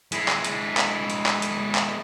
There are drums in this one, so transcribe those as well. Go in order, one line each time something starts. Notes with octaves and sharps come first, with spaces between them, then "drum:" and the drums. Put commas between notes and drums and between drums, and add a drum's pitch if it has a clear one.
G#3 E4, drum: hi-hat
drum: clap
drum: hi-hat
drum: clap
drum: hi-hat
drum: clap
drum: hi-hat
drum: clap